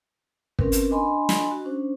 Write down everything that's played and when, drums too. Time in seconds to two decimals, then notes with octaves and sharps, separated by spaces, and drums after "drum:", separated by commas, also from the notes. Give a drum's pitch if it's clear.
0.59 C4 C#4 A#4 B4, drum: kick
0.72 drum: hi-hat
0.91 D4 D#5 G#5 B5 C6
1.29 drum: snare
1.51 F#4
1.65 C#4 D4 C5